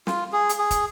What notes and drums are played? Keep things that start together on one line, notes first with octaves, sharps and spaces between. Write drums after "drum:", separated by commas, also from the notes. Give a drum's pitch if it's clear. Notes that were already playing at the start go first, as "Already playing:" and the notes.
F4, drum: snare
G#4
drum: hi-hat
G#4
drum: kick, hi-hat